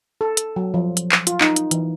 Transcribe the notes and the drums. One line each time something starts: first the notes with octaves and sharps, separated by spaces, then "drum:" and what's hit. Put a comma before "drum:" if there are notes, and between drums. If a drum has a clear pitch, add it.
A4
drum: hi-hat
F#3
F3
drum: hi-hat
drum: clap
F4, drum: hi-hat
D#4, drum: clap
drum: hi-hat
E3, drum: hi-hat